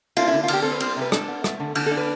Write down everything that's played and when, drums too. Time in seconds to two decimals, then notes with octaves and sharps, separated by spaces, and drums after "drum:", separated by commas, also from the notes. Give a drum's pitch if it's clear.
0.17 A3 F4, drum: cymbal
0.27 E4
0.33 D3
0.44 F4
0.48 D3, drum: cymbal
0.53 G4
0.62 C4 A4
0.72 B4
0.80 G3 C5, drum: cymbal
0.96 C3
1.02 B4
1.12 D4 A4, drum: rim click
1.28 B3
1.44 A3, drum: rim click
1.60 D3
1.75 D3, drum: cymbal
1.86 D4 A4
1.97 B4